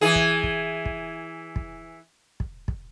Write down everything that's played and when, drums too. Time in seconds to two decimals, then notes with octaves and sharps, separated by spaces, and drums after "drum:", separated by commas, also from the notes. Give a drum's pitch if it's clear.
0.01 E3 G#4
0.15 drum: kick
0.43 drum: kick
0.86 drum: kick
1.56 drum: kick
2.40 drum: kick
2.68 drum: kick